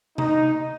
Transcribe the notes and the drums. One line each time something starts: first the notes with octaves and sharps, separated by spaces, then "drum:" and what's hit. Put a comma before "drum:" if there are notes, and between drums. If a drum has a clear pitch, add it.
D#4, drum: tom C3